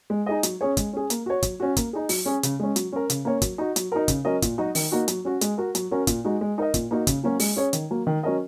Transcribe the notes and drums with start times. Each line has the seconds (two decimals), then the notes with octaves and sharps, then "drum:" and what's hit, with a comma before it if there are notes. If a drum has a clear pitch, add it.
0.10 G#3
0.26 D#4 G#4 D#5
0.43 F#3, drum: hi-hat
0.61 C#4 G#4 C#5
0.77 G#3, drum: kick, hi-hat
0.93 C#4 G#4
1.10 A#3, drum: hi-hat
1.26 F#4 C#5
1.43 F#3, drum: kick, hi-hat
1.60 C#4 F#4
1.77 A#3, drum: kick, hi-hat
1.93 D#4 G#4
2.09 F#3, drum: open hi-hat
2.26 C#4 G#4
2.43 C#3, drum: hi-hat
2.60 G#3 C#4
2.76 F#3, drum: hi-hat
2.93 C#4 A#4
3.10 C#3, drum: hi-hat
3.25 A#3 C#4 A#4 C#5
3.42 F#3, drum: kick, hi-hat
3.58 D#4 F#4
3.76 F#3, drum: hi-hat
3.92 D#4 F#4 A#4
4.08 C#3, drum: kick, hi-hat
4.25 F#3 C#4 A#4 D#5
4.42 A#2, drum: kick, hi-hat
4.58 F#3 D#4 F#4 D#5
4.75 D#3, drum: open hi-hat
4.92 A#3 D#4 F#4
5.08 F#3, drum: hi-hat
5.25 C#4 F#4
5.41 G#3, drum: hi-hat
5.58 F#4 A#4
5.75 F#3, drum: hi-hat
5.91 C#4 F#4 A#4
6.07 A#2, drum: kick, hi-hat
6.25 G#3 D#4 F#4
6.41 G#3
6.58 D#4 A#4 D#5
6.74 A#2, drum: kick, hi-hat
6.91 A#3 D#4 F#4
7.07 C#3, drum: kick, hi-hat
7.23 F#3 A#3 C#4 F#4
7.40 G#3, drum: open hi-hat
7.56 C#4 G#4 C#5
7.73 D#3, drum: hi-hat
7.91 F#3 A#3
8.07 D#3
8.23 F#3 C#4 A#4 D#5